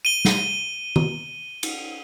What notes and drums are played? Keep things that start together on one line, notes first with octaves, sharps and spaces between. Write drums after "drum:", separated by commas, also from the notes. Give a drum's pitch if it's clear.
D#7 G7
drum: snare
drum: tom D#3
drum: cymbal